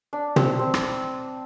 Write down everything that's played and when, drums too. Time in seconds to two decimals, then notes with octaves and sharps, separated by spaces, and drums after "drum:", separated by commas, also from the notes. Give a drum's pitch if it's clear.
0.13 D4
0.36 C4, drum: tom
0.59 C4
0.74 drum: rim click